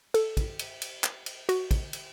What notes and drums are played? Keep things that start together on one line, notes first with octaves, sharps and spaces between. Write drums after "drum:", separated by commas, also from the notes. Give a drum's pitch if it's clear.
A4, drum: cymbal
drum: kick, cymbal
drum: cymbal
drum: cymbal
drum: clap
drum: cymbal
F#4, drum: cymbal
drum: kick, cymbal
drum: cymbal